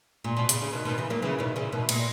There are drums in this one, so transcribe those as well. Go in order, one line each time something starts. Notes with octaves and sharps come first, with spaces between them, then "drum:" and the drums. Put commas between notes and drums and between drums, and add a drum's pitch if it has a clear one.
A#2
B2
C#3, drum: hi-hat
C#3
B2 D#3
B2 D#3
C#3 E3
F#3 A#3
C#3 E3
B2 D#3
C#3 E3
B2 D#3
A#2, drum: cymbal